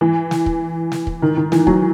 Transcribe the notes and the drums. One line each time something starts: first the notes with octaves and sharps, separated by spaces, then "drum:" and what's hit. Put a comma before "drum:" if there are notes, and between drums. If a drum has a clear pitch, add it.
E3
drum: snare
drum: kick
drum: snare
drum: kick
D#3
D#3
E3, drum: snare
F#3, drum: kick